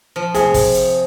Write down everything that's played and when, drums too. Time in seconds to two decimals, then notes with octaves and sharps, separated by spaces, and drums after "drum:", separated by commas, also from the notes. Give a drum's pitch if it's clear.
0.16 F3
0.34 C3 G#4, drum: hi-hat
0.54 drum: kick, open hi-hat
0.74 drum: hi-hat